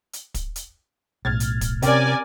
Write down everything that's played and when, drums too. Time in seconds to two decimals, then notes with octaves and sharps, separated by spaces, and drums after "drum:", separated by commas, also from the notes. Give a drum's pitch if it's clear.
0.13 drum: hi-hat
0.34 drum: kick, hi-hat
0.56 drum: hi-hat
1.25 B1 A2 F6 G#6 A6
1.40 drum: hi-hat
1.61 drum: kick, hi-hat
1.82 C3 C4 C#4 G4 A#4 D5 G#5, drum: hi-hat